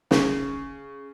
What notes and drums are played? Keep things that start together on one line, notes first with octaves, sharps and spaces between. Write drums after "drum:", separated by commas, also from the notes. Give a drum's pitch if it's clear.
C#3, drum: snare